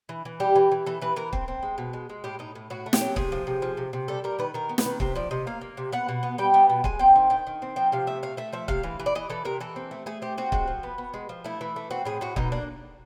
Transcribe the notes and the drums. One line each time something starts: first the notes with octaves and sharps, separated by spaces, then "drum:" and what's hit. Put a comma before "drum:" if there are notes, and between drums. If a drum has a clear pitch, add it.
E3
E3
G3 G4
E3
E3
E3 A4
E3 B4
E3 A#4
C4, drum: kick
C4
G#3
B2
G#3
G#3
A2 G4
A2 D#4
A2
A2 F#4
A3
G4, drum: snare
F#3
C3 G#4, drum: kick
F3
C3
F3
C3
C3
G3 A4
G3 A#4
D#3 B4
D#3 A#4
B3
B4, drum: snare
D#3
C3 C5, drum: kick
F3 D5
C3 D#5
A#3 F5
A#3
C3
B3 F#5
B2
B3
G3 G5
B3
B2
G#3 G#5, drum: kick
C4 G5
D#3
D#3 G5
D#3
C4
F3 G5
C3 F5
A3 E5
A3 F5
A3 E5
F3 E5
C3 F5, drum: kick
E3
E3
D5
E3 D#5
E3 A4
C3 A#4
E3 A4
C4
A3
A3 G#4
C4 G4
C4 F#4
G#3 F#4, drum: kick
F3
B3
B3
G#3
F3
A3 E4
E3
A3
C4 F#4
A2 G#4
A2 F#4
B2 D#4, drum: kick
A#3 D4